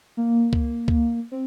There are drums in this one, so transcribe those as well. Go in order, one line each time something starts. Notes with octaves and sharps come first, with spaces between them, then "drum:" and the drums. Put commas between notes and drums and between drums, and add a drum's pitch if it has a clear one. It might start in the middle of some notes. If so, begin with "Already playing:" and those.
A#3
drum: kick C#2
drum: kick C#2
C4